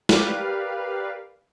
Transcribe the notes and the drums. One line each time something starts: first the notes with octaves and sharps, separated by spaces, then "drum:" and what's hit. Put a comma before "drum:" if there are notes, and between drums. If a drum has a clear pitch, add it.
G4 A#4 B4 D5 F5, drum: snare